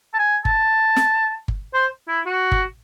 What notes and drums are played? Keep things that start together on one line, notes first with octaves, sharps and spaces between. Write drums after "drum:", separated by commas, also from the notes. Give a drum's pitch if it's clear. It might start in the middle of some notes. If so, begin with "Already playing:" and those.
A5
G#5
A5, drum: kick G1
drum: snare
drum: kick G1
C5
E4
F#4
drum: kick G1